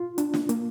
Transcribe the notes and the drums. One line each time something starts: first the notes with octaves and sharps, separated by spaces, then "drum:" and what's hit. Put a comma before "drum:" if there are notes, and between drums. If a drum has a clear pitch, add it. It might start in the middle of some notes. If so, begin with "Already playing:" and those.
Already playing: F4
D4, drum: hi-hat
drum: snare
A#3, drum: hi-hat